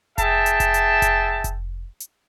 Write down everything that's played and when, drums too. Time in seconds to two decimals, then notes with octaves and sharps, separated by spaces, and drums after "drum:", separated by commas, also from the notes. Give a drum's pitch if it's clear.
0.18 G#4 E5 G5 A5, drum: kick F1, hi-hat
0.46 drum: hi-hat
0.60 drum: kick F1, hi-hat
0.74 drum: hi-hat
1.02 drum: kick F1, hi-hat
1.44 drum: kick F1, hi-hat
2.00 drum: hi-hat